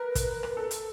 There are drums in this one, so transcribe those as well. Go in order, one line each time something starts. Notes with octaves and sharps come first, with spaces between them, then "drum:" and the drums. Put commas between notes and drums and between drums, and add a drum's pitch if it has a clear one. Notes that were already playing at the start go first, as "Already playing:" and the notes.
Already playing: A#4 B4
drum: kick, hi-hat
drum: rim click
A4
drum: hi-hat